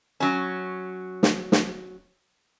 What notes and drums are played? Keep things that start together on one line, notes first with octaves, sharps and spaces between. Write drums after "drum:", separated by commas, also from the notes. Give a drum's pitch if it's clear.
F#3 C#4
drum: snare
drum: snare